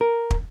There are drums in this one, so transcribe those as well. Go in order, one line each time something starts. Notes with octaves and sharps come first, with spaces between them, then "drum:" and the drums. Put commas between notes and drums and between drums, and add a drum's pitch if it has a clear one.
A#4
drum: kick